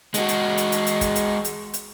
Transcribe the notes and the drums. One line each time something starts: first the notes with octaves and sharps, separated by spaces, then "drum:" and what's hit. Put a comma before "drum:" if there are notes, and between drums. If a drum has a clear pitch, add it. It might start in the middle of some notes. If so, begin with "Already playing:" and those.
G#3 F#4, drum: hi-hat
drum: hi-hat
drum: hi-hat
drum: hi-hat
drum: hi-hat
drum: kick, hi-hat
drum: hi-hat
drum: hi-hat
drum: hi-hat